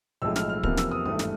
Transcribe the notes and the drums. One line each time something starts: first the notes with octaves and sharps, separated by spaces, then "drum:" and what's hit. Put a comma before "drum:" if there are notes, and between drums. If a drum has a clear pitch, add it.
B1 A2 F3 G#3 E6
F6, drum: snare
F6
E2 C3 F3 A#3 F6, drum: kick
E6, drum: snare
D#6
G#1 G2 E3 A3 D#6
drum: snare